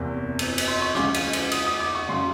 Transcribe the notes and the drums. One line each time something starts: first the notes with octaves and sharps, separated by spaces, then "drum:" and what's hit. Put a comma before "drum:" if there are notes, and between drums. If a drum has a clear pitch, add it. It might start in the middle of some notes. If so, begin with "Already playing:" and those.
Already playing: F#1 E2 C3
drum: cymbal
drum: cymbal
C6
C#6
D2 C#3 F3 G#3 C#4 D6, drum: rim click
drum: cymbal
drum: cymbal
D#6, drum: cymbal
D#6
D6
C#6
F#2 C#3 C6